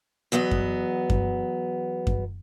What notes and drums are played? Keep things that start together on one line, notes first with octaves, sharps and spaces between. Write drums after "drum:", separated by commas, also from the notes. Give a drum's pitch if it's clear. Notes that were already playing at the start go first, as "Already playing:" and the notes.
E2 F#3 B3 D#5
drum: kick F#2
drum: kick F#2
drum: kick F#2